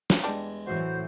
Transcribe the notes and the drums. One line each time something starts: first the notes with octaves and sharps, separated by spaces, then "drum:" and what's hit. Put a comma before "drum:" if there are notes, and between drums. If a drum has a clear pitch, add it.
drum: snare
E2 G3 G#3 D4
A2 E3 F#3 F#4 C5